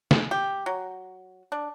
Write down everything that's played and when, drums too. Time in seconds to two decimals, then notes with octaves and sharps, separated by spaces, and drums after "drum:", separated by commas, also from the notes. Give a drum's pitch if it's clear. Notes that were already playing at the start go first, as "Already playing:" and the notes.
0.11 G#3, drum: snare
0.31 G4
0.66 F#3
1.52 D4